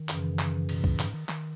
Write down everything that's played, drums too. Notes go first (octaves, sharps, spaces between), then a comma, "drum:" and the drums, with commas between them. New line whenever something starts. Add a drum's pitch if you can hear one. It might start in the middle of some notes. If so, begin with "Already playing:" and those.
Already playing: D#3
F#2 C#3 E3, drum: clap
drum: clap
B2, drum: cymbal
A2, drum: kick C2
G#2, drum: clap
D#3
D#3, drum: clap